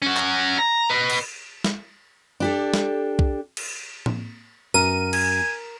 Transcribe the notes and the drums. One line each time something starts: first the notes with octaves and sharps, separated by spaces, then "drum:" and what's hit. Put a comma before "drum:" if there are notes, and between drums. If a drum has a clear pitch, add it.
C#4 F#4
drum: clap
A#5
B4 D#5
drum: cymbal
drum: snare
D4 G4 A4
drum: snare
drum: kick B1
drum: cymbal
drum: tom A2
F#2 A#4 D#7
G#5, drum: cymbal